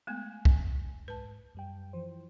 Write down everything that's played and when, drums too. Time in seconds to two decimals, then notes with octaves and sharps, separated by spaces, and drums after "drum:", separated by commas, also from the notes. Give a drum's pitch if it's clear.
0.07 G#3 A3 B3 G#5
0.45 drum: kick C2
1.08 G#2 B4 A5
1.55 F#2 G3 G5
1.93 E3 F3 C5